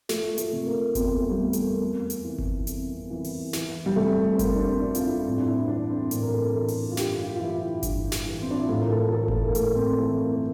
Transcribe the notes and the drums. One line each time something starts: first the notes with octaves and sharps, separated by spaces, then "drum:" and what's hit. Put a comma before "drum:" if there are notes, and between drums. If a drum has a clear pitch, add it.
F3 A3, drum: snare
A3, drum: hi-hat
C3
A#3
E2 C4, drum: kick G1, hi-hat
A3
G3
E2 A3
A3, drum: hi-hat
A#3
F2
drum: hi-hat
E3
drum: kick G1
F2, drum: hi-hat
E3
drum: open hi-hat
E3, drum: snare
G3
C3 A3
C4
F2 A#3, drum: kick G1, hi-hat
D4
C4
F2 D4
F4, drum: hi-hat
E4
A2 C4
D4
E4
C4
E3 D4
C4
A2 A#3, drum: hi-hat
A#4
A4
E3 A4
drum: open hi-hat
F4
G2 G4, drum: snare
F4
F4
E3 E4
E4
G2, drum: kick G1, hi-hat
drum: snare
E3
C4
D4
E4
A2 F4
A#4
A4
E3 A4
A3, drum: kick G1
A#3
A#3
A2 A3, drum: hi-hat
C4
E3 A3
A#3
A#3